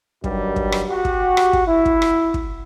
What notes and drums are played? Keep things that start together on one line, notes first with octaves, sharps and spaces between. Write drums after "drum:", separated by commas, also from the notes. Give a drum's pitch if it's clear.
G2 D#3 F#3 G3, drum: kick
drum: kick
drum: rim click
F#4 G4
drum: kick
drum: rim click
drum: kick
E4
drum: kick
drum: rim click
drum: kick